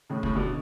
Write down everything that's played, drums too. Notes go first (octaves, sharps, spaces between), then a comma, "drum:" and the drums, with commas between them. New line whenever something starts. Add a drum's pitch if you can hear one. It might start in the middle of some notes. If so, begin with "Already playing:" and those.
A2 C#3
A2 C#3, drum: kick
B2 D3